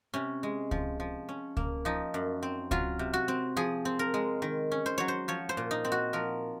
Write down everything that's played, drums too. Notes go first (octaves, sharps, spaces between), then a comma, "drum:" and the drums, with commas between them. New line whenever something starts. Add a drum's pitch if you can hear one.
C3 C#4
G#3
F3, drum: kick C#2
F3
C#4
A#3, drum: kick C#2
F3 D#4
F#2
C4
F#3 F4, drum: kick C#2
C3
F#4
C4
F3 G#4
C4
A#4
G#3
D#3
C#4
C5
F#3 C#5
C5
F3 C#5
C5
A#2
D#4
C4
F#4
F3 A#4